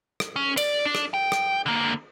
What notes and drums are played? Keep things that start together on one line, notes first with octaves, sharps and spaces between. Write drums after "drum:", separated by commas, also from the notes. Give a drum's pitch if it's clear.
drum: rim click
C#4
D5, drum: cymbal
D4
drum: rim click
G5
drum: rim click
D3 A#3